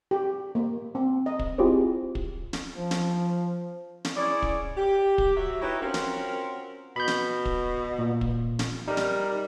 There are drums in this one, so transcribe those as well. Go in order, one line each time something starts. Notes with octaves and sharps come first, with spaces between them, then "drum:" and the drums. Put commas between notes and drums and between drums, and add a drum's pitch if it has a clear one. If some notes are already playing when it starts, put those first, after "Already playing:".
G4
A#3
C4
D#5
drum: kick
C4 E4 F4 G4 G#4 C5
drum: kick
drum: snare
F3
drum: snare
drum: snare
C#4 E4 G#4 D5
drum: kick
G4
drum: kick
F#3 F#4 E5
D#4 E4 F#4 G4 B4 C#5
C4 C#4 F4 F#4 A#4
drum: snare
B2 B5 G6
drum: snare
drum: kick
A#2
drum: kick
drum: snare
G3 D#4 A#4
drum: snare